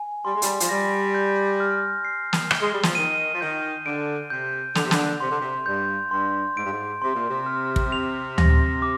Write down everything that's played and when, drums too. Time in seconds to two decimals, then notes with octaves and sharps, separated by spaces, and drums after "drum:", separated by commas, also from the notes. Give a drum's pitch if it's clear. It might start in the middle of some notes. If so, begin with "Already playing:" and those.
Already playing: G#5
0.24 G3 C6
0.34 G#3
0.42 G3, drum: hi-hat
0.60 F3, drum: hi-hat
0.69 G3 A#6
1.14 G6
1.60 F6
2.05 C7
2.33 drum: snare
2.51 G7, drum: rim click
2.61 G#3
2.73 G3
2.83 F3, drum: snare
2.95 D#3 D#7
3.34 F3
3.41 D#3 G6
3.85 D3 D7
4.30 C3 G6
4.75 D3 F7, drum: snare
4.84 C3
4.91 D3, drum: snare
5.20 C3 C6
5.30 D3
5.40 C3
5.66 G2 G6
6.11 G2 C6
6.56 G#2 D7
6.64 G2
6.71 G#2
7.02 C3 C6
7.15 A#2
7.28 C3
7.46 F6
7.76 drum: kick
7.92 F7
8.38 A#6, drum: tom D2
8.82 D6